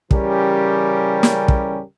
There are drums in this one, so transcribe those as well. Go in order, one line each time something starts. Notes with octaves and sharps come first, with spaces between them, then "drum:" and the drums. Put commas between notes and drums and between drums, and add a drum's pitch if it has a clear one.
C#3 E3 G3 C#4 G4 A#4, drum: kick
drum: snare
drum: kick